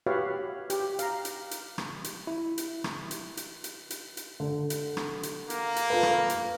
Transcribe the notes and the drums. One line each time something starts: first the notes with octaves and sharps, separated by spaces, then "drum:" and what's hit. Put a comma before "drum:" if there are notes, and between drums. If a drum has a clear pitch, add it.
F#4 G4 B4 C#5 E5 F5
G4, drum: hi-hat
F5 A#5, drum: hi-hat
drum: hi-hat
drum: hi-hat
drum: rim click
drum: hi-hat
E4
drum: hi-hat
drum: rim click
drum: hi-hat
drum: hi-hat
drum: hi-hat
drum: hi-hat
drum: hi-hat
D3
drum: hi-hat
drum: rim click
drum: hi-hat
A#3, drum: hi-hat
drum: hi-hat
F4 A4 B4
drum: rim click
drum: hi-hat